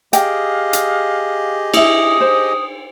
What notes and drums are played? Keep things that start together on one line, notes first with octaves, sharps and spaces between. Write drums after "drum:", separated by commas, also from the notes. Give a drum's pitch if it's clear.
G4 G#4 D#5 F5 G5, drum: hi-hat
drum: hi-hat
E4 E5 D#6, drum: cymbal
C5